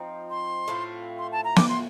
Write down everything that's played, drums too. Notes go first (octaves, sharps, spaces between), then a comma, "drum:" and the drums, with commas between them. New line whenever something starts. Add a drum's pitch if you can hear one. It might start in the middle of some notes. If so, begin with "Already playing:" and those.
Already playing: F3 C4 D#4
C6
A2 A3 C4 F4
C6
A5
A#5
D6, drum: snare
C6